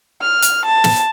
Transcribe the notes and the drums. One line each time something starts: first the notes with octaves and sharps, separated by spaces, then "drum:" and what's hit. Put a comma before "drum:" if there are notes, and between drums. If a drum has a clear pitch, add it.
F6
drum: hi-hat
A5
drum: snare